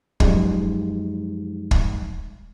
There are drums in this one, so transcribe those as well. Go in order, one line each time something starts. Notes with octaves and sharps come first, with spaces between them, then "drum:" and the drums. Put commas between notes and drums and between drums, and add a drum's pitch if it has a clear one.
F#2 F3 G3 G#3 D#4, drum: kick
drum: kick